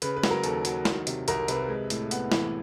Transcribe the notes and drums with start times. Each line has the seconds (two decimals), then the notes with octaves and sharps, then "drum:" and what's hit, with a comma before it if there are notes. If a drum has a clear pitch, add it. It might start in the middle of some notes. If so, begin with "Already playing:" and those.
0.02 C#3 B4, drum: hi-hat
0.17 B4
0.24 F#3, drum: snare
0.31 A#4
0.44 D#2 A4, drum: hi-hat
0.65 F#3, drum: hi-hat
0.85 D#3, drum: snare
1.07 C3, drum: hi-hat
1.28 C2 A#4, drum: hi-hat
1.48 C3 B4, drum: hi-hat
1.69 G#3
1.90 A2, drum: hi-hat
2.11 B3, drum: hi-hat
2.32 E3, drum: snare